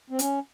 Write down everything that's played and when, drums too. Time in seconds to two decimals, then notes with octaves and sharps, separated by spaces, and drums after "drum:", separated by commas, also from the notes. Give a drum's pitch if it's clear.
0.10 C4
0.19 C#4, drum: hi-hat